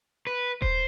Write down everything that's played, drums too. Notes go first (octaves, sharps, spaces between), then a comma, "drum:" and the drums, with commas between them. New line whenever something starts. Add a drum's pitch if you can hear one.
B4
C5, drum: kick D#1